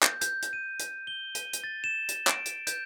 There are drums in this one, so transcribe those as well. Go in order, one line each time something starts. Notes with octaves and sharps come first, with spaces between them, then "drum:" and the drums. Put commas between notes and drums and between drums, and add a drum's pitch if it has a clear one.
G6, drum: clap
G6, drum: hi-hat
drum: hi-hat
D#7
drum: hi-hat
G7
D#7, drum: hi-hat
drum: hi-hat
A6
E7
drum: hi-hat
D7, drum: clap
drum: hi-hat
G6, drum: hi-hat